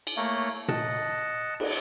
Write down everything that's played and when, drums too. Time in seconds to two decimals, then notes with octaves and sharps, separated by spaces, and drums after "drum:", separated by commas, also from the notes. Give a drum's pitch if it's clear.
0.07 drum: cymbal
0.17 A3 A#3 C#5
0.68 D#5 F#5 A5, drum: tom A#2
1.60 drum: cymbal